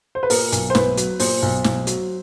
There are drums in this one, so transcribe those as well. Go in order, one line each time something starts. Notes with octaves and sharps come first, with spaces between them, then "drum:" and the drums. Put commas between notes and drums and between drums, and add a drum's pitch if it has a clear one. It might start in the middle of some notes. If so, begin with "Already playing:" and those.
C5
B4
A#2 A#4, drum: open hi-hat
B1, drum: hi-hat
C5
B1 B4, drum: snare
F#3, drum: hi-hat
A#2 C5, drum: open hi-hat
B1
B1, drum: snare
F#3, drum: hi-hat